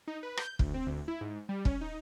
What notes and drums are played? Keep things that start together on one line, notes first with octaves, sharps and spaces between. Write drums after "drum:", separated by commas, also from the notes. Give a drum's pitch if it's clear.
D#4
B4
G6, drum: rim click
D2, drum: kick
C4
D2
E4
G#2
G3
C#4, drum: kick
D#4